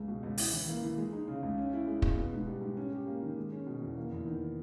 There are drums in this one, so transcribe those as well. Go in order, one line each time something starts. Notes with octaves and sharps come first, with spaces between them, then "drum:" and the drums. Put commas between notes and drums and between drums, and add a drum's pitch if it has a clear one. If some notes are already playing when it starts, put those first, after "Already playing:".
Already playing: C#2 G#3
B2
C#2
E4, drum: open hi-hat
E3
A#3
E3
G#3
D#4
C#3
C#2
C#4
E4
G#3
B2, drum: kick
B3
G#2
G3
G#2
C#4
G4
A#3
D#3
G#3
C#4
B2
E2
A#3
E2
D#3